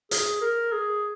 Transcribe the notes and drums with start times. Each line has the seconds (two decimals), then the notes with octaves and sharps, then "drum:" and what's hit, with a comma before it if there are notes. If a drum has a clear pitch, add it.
0.11 G#4, drum: hi-hat
0.41 A#4
0.72 G#4